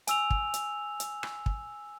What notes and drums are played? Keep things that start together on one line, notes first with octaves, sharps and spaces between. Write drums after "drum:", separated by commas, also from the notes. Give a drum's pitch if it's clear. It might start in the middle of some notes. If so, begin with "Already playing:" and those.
G#5 E6 F7, drum: hi-hat
drum: kick
drum: hi-hat
drum: hi-hat
drum: rim click
drum: kick